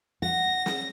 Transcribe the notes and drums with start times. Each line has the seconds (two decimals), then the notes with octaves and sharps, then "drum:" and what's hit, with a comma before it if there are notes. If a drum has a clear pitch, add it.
0.22 F#5 A#6
0.66 drum: snare